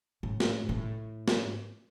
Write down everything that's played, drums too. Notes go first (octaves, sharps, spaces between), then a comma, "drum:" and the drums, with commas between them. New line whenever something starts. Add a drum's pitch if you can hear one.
A2
drum: snare
A2
drum: snare